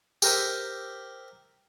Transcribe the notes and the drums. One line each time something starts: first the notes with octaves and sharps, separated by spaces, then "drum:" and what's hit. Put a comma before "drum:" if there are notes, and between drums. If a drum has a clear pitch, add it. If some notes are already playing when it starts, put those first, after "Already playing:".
G4 A#4 C5 E5, drum: tambourine